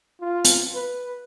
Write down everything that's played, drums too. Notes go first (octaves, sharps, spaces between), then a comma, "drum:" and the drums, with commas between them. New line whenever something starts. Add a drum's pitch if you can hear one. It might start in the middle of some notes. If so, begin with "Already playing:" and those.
F4
drum: hi-hat
B4